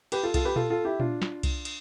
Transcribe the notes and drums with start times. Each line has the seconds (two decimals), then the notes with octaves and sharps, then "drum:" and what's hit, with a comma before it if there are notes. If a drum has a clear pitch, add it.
0.12 G4 B4, drum: cymbal
0.23 F4 A4
0.34 F4 A4, drum: kick C2, cymbal
0.45 G4 B4
0.56 F4 A4, drum: tom A#2
0.70 F4 A4
0.85 E4 G4
1.00 D4 F4, drum: tom A#2
1.22 drum: snare
1.43 drum: kick C2, cymbal
1.65 drum: cymbal